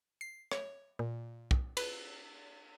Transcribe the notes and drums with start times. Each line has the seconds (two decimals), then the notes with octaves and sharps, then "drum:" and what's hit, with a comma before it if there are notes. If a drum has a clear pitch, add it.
0.21 C7
0.51 C#5, drum: rim click
0.99 A#2
1.51 drum: kick
1.77 B4, drum: cymbal